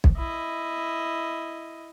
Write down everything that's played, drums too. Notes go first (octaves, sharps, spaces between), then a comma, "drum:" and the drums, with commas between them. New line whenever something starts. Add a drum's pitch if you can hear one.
drum: kick B1
E4 D#5